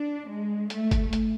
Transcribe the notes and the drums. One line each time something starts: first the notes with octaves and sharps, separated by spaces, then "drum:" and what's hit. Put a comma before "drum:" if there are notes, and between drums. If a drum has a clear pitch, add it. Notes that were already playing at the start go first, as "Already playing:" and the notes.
Already playing: D4
G#3
A3, drum: hi-hat
drum: kick G1, hi-hat
drum: hi-hat